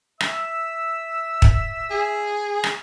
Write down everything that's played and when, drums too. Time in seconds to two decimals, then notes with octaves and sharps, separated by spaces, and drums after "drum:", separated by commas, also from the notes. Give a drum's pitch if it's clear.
0.21 E5 E6, drum: rim click
1.42 drum: kick
1.90 G#4
2.64 drum: rim click